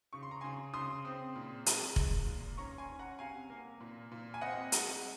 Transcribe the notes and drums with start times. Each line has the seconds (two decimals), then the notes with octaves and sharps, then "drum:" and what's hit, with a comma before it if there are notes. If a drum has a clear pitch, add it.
0.13 C#3 C#6
0.23 C6
0.31 A#5
0.41 C#3 G#5 C6
0.74 C#3 C6 D#6
1.05 C4
1.36 A#2
1.66 G#3, drum: hi-hat
1.96 G#3, drum: kick F1
2.27 A#2
2.58 C#4 A#5 C#6
2.78 G#5 C6
2.89 C#4
2.99 F#5 A#5
3.19 C3 F5 G#5
3.50 A#3
3.81 A#2
4.12 A#2
4.34 G#5
4.41 C4 D#5 F#5
4.72 G#3, drum: hi-hat